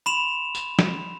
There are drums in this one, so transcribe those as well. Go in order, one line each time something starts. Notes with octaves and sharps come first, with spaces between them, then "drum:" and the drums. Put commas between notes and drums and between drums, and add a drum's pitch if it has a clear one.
B5 C6 E7 F7
drum: tambourine
drum: snare